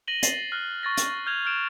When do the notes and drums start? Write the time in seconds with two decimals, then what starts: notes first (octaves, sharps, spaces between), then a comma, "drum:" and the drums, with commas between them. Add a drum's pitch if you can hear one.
0.07 A#6 D#7 F#7 G7
0.23 A6 C7, drum: hi-hat
0.52 F6 F#6
0.83 C#6 A6 A#6
0.97 drum: hi-hat
1.26 F6 G6 G#6 F7
1.45 F6 G6 D7 E7